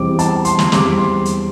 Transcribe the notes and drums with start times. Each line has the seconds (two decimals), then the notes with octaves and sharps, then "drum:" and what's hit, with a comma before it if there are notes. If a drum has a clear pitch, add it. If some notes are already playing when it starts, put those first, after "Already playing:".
Already playing: E2 C3 E3 G3 C4 C5 D6
0.19 A5, drum: hi-hat
0.45 C6, drum: hi-hat
0.59 drum: snare
0.72 E2 C3 G3 C4 D6, drum: snare
0.98 C6
1.25 drum: hi-hat